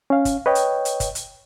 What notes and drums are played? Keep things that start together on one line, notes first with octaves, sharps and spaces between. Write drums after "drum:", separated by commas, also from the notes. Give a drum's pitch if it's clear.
C#4 F5
drum: kick, hi-hat
B4 C#5 D#5 G5
drum: hi-hat
drum: hi-hat
drum: kick, hi-hat
drum: hi-hat